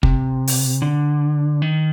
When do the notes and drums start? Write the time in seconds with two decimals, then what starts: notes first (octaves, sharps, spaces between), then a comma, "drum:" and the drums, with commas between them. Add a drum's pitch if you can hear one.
0.03 C3, drum: kick
0.47 drum: open hi-hat
0.82 D3
1.62 D#3